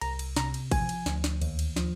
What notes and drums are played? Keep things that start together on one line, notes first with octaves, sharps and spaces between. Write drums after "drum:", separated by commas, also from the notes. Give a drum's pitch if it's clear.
C2 A#5, drum: cymbal
drum: cymbal
C3 A#5, drum: snare
drum: cymbal
F3 G#5, drum: kick A1, cymbal
drum: cymbal
D2, drum: snare
drum: snare
D#2, drum: cymbal
drum: cymbal
F3, drum: snare